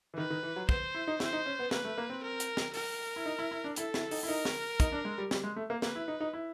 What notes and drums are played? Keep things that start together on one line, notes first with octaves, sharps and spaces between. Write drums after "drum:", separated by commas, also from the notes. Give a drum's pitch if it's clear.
E3
D#3 B4
D#3
E3
F#3
B3 C5, drum: kick
E4
D#4
E4 C5, drum: snare
D#4
C#4
B3
A#3 B4, drum: snare
A3
A#3
C4
A#4
drum: hi-hat
drum: snare
A#4, drum: open hi-hat
E4
D#4
E4
E4
D4
E4 A4, drum: hi-hat
E4, drum: snare
D#4, drum: open hi-hat
E4
D#4 A#4
drum: snare
D#4, drum: kick, hi-hat
D4
G#3
G3
G3, drum: snare
G#3
A3
A#3
A#3 B4, drum: snare
E4
D#4
D#4
E4